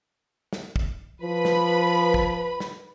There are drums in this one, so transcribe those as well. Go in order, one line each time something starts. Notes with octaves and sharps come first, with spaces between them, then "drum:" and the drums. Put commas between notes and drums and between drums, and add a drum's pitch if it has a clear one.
drum: snare
drum: kick
F3 B4 B5
drum: snare
drum: kick
drum: snare